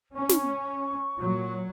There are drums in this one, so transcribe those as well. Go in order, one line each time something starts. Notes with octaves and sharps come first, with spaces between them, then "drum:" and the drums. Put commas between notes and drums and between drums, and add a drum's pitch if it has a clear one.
C#4 C#6
drum: snare
A#2 F#3